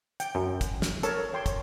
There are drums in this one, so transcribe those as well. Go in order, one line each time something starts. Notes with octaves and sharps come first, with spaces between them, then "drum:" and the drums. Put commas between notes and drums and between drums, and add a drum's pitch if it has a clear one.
G5, drum: hi-hat
F#2
drum: kick, hi-hat
drum: snare
A4 A#4 C#5 A5, drum: hi-hat
C#5 G5 C6
drum: kick, hi-hat